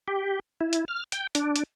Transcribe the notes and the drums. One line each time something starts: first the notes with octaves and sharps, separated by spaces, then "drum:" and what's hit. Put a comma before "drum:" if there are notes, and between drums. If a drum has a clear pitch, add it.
G4
E4
drum: hi-hat
F6
G5, drum: hi-hat
D4, drum: hi-hat
drum: hi-hat